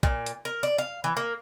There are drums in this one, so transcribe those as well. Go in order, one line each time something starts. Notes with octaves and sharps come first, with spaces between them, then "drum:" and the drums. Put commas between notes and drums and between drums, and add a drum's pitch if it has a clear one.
A#2, drum: kick
drum: hi-hat
A#4
D5
F5
E3
A#3